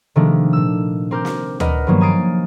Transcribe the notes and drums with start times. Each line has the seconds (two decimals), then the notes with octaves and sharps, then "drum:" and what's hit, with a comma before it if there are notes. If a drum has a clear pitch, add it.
0.15 C3 D#3 F3 G#3 A3 D4
0.53 A#2 E6
1.11 C4 A#4 D6 G6
1.25 drum: snare
1.60 A#4 B4 D5 D#5 F#5 F6, drum: tom D2
1.87 G2 D#3 F3 F#3 A#3 B3
2.01 G#5 A#5 D#6 A6 C7 D7